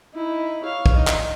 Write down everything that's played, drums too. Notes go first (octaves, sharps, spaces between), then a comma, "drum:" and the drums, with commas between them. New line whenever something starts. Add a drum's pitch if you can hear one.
D#4 E4
C#5 F5
drum: kick
D#4 D#5
drum: clap